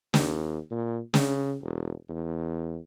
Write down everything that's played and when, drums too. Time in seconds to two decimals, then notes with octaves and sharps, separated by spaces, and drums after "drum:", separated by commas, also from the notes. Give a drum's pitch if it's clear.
0.14 D#2, drum: snare
0.71 A#2
1.14 C#3, drum: snare
1.62 E1
2.09 E2